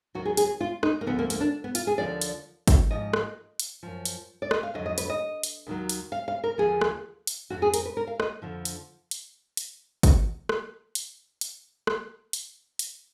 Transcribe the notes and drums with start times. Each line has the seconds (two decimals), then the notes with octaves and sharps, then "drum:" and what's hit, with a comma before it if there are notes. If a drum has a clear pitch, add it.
0.15 D#2 D#3 F#3 F#4
0.25 G#4
0.37 G#4, drum: hi-hat
0.61 F4
0.83 D#4, drum: rim click
1.01 A#3
1.06 D2 D3 F3 B3
1.19 A#3
1.30 A#3, drum: hi-hat
1.41 D4
1.64 B3
1.75 F4, drum: hi-hat
1.87 G#4
1.98 D#2 D3 F3 D5
2.22 drum: hi-hat
2.68 drum: kick G#1, hi-hat
2.90 G#2 F3 D#5
3.13 drum: rim click
3.59 drum: hi-hat
3.83 F#2 F3
4.05 drum: hi-hat
4.42 D5
4.51 D#5, drum: rim click
4.63 F5
4.74 F2 D3 F#3 D#5
4.86 D#5
4.98 B4, drum: hi-hat
5.10 D#5
5.43 drum: hi-hat
5.67 D#2 D#3 F#3
5.89 drum: hi-hat
6.12 F5
6.28 F5
6.44 A#4
6.58 D#2 D3 F3 G#4
6.81 drum: rim click
7.27 drum: hi-hat
7.50 F2 F3 F#4
7.62 G#4
7.74 A#4, drum: hi-hat
7.85 B4
7.97 A#4
8.07 F5
8.20 D#5, drum: rim click
8.42 F2 D3 F3
8.65 drum: hi-hat
9.11 drum: hi-hat
9.57 drum: hi-hat
10.03 drum: kick G#1, hi-hat
10.49 drum: rim click
10.95 drum: hi-hat
11.41 drum: hi-hat
11.87 drum: rim click
12.33 drum: hi-hat
12.79 drum: hi-hat